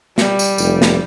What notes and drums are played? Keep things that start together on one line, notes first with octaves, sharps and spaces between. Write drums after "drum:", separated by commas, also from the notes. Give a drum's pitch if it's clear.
G3, drum: snare
drum: tambourine
F1, drum: tambourine
drum: snare